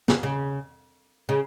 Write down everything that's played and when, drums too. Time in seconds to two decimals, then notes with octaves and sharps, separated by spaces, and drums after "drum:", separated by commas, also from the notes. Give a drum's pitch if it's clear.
0.08 C#3, drum: snare
0.23 C#3
1.29 C#3